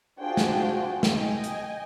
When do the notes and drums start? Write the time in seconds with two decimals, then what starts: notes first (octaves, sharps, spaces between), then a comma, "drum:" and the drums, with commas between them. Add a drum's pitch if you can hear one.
0.20 D4 F4 F#4 G#4 C5 G5
0.37 drum: snare
1.03 drum: snare
1.14 D#5 G5 G#5
1.44 drum: hi-hat